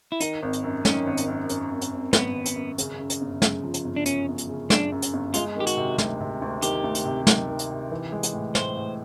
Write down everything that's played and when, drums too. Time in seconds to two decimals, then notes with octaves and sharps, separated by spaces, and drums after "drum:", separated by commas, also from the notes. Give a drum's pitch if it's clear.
0.12 E4
0.20 D#3 D#4, drum: hi-hat
0.43 G#1
0.53 drum: hi-hat
0.64 F#2
0.85 D#3 C#4, drum: snare
1.07 G#1
1.17 drum: hi-hat
1.28 F#2
1.49 F#2, drum: hi-hat
1.71 G#1
1.81 drum: hi-hat
1.93 G#1
2.13 G#1 B3, drum: snare
2.35 G#1
2.46 drum: hi-hat
2.56 F#2
2.78 C#3, drum: hi-hat
2.99 F#2
3.10 drum: hi-hat
3.21 G1
3.42 C#3, drum: snare
3.64 F3
3.74 drum: hi-hat
3.85 G1
3.96 D4
4.06 F#2 C#4, drum: hi-hat
4.28 G1
4.38 drum: hi-hat
4.49 C#3
4.70 C#3 D4, drum: snare
4.92 F#2
5.02 drum: hi-hat
5.13 G1
5.34 G#3 F4, drum: hi-hat
5.56 D#3 G4
5.67 F#4, drum: hi-hat
5.77 C3
5.98 D2, drum: snare
6.20 C3
6.42 D2
6.62 D#3 G4, drum: hi-hat
6.84 D2
6.95 drum: hi-hat
7.05 C3
7.27 D#3, drum: snare
7.48 D#3
7.59 drum: hi-hat
7.70 C3
7.91 E3
8.12 G#3
8.23 drum: hi-hat
8.33 A2
8.55 A2 C5, drum: snare
8.77 A2